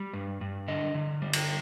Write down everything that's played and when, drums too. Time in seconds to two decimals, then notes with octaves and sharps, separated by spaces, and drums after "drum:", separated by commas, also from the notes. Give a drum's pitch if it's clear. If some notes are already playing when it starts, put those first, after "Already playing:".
Already playing: G3
0.13 G2
0.41 G2
0.68 D3 D#5
0.94 D3
1.22 G3
1.33 drum: cymbal